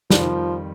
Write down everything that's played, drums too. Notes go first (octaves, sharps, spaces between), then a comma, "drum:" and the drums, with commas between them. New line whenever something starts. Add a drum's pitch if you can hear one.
F2 D#3 F3 G3, drum: snare